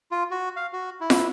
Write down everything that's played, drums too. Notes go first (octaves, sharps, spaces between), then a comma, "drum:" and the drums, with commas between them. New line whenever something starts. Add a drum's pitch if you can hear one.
F4
F#4
F5
F#4
E4
drum: snare